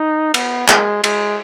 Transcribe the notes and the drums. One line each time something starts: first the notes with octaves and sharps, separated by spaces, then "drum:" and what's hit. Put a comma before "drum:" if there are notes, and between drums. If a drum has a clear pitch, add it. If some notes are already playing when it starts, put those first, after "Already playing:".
Already playing: D#4
B3, drum: cymbal
G#3, drum: clap
G#3, drum: cymbal